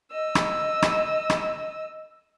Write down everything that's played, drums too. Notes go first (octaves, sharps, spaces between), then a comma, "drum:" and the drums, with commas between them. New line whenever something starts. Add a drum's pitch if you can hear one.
D#5 E6
drum: rim click
drum: rim click
drum: rim click